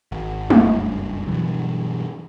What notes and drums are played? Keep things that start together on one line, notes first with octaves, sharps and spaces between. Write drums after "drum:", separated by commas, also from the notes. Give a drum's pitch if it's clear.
G#1
F#1 C#2 G2, drum: tom G#3
G2 B2 E3 F#3